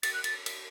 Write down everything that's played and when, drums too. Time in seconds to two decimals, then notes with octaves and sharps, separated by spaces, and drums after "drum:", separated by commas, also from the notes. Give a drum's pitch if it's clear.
0.03 A6, drum: cymbal
0.14 F#6
0.24 A6, drum: cymbal
0.46 drum: cymbal